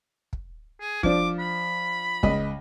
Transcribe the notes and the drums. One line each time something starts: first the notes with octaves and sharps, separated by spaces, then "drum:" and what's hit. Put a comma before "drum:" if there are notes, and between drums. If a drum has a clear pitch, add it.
drum: kick
G#4
F3 D4 D6, drum: kick
B5
C#2 D#5, drum: kick